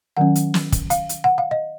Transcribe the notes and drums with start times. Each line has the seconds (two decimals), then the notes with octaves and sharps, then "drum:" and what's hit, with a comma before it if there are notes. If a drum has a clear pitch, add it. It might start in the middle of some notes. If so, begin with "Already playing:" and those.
0.17 D#3 F#3 C#4 F#5
0.35 drum: hi-hat
0.54 drum: snare
0.72 drum: kick, hi-hat
0.90 F5, drum: hi-hat
1.09 drum: hi-hat
1.24 F#5
1.38 F5
1.51 D#5